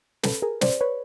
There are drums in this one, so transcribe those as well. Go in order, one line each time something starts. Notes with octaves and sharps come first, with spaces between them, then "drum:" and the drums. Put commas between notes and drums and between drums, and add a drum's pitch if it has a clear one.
A4 B4, drum: snare
G#4 A#4
C5 D5, drum: snare
B4 C#5